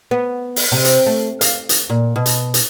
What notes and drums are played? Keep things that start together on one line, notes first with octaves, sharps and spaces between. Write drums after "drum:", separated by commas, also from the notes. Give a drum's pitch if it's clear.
B3
drum: open hi-hat
C3
drum: hi-hat
A3
F5, drum: hi-hat
drum: hi-hat
A#2
B2
drum: hi-hat
drum: hi-hat